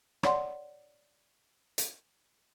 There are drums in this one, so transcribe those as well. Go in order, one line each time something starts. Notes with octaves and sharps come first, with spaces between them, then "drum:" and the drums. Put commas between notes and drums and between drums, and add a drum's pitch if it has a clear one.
C#5 D5 F#5 C6, drum: rim click
drum: hi-hat